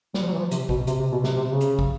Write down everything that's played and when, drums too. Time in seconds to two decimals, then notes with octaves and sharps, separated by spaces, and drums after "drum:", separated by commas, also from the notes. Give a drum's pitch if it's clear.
0.14 G3, drum: snare
0.22 F3
0.27 F#3
0.33 E3
0.39 F3
0.51 C3, drum: hi-hat
0.69 B2, drum: kick
0.87 C3, drum: hi-hat
0.99 C3
1.12 B2
1.24 C3, drum: snare
1.36 C3
1.48 C#3
1.61 drum: hi-hat
1.79 drum: kick